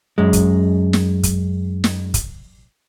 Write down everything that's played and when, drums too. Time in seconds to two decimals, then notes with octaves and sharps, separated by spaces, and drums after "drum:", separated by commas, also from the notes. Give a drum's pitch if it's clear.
0.18 F#2 G#3
0.33 drum: kick, hi-hat
0.93 drum: snare
1.23 drum: kick, hi-hat
1.84 drum: snare
2.14 drum: kick, hi-hat